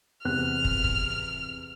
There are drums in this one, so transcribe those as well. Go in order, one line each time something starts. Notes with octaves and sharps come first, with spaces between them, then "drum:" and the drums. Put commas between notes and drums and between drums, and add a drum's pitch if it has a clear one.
E2 C3 F6 F#6
drum: kick
drum: kick